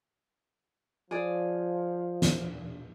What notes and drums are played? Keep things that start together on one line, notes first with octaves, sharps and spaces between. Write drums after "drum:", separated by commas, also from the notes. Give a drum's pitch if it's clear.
F3 G#4 D5
drum: snare